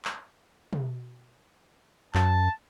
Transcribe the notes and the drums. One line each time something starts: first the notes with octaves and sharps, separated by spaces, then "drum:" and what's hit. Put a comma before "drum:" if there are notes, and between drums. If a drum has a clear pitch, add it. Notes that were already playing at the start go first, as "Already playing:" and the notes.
drum: clap
drum: tom
F#2 A5, drum: clap